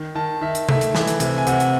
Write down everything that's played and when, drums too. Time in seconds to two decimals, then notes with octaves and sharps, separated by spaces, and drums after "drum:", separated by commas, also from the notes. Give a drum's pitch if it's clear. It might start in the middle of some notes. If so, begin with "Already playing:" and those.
Already playing: D#3
0.15 D#3 A5
0.41 D#3 E5
0.55 drum: hi-hat
0.69 A3 E5, drum: tom C3
0.81 drum: hi-hat
0.95 E3, drum: snare
1.07 drum: hi-hat
1.20 C3, drum: hi-hat
1.38 G#5
1.47 C3 F#5, drum: hi-hat
1.60 drum: hi-hat